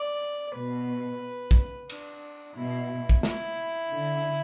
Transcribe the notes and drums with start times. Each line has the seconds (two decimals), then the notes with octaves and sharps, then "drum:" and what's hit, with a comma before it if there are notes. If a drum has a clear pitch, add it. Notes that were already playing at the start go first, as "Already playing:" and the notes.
Already playing: D5
0.55 B2 B4
1.51 drum: kick
1.90 D4, drum: cymbal
2.56 B2 E4
3.09 drum: kick
3.23 E4, drum: snare
3.91 D3